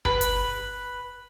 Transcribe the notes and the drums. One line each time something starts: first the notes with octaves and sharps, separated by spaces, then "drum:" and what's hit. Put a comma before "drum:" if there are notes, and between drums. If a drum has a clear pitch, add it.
B4, drum: kick G1
drum: hi-hat